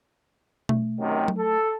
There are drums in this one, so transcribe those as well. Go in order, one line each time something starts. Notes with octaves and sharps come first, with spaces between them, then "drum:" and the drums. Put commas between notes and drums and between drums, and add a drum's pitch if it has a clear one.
A3, drum: tom B2
F#2 C3 D#3
drum: tom F#3
A4